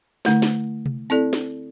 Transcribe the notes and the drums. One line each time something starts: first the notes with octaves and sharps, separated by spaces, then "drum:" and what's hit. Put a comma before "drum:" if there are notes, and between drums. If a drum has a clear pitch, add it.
D3 A3 E4, drum: snare
drum: snare
drum: tom C3
C4 E4 A4 D5, drum: tambourine
drum: snare